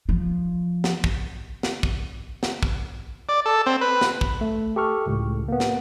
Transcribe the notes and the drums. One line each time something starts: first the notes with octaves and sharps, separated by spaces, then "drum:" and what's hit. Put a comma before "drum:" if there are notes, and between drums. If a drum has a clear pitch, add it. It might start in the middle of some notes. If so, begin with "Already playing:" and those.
F3
drum: snare
drum: kick
drum: snare
drum: kick
drum: snare
drum: kick
D5
A4
C4
B4
drum: snare
drum: kick
A3
G4 A4 C#6 F6
C#2 A2
A#3 B3
drum: snare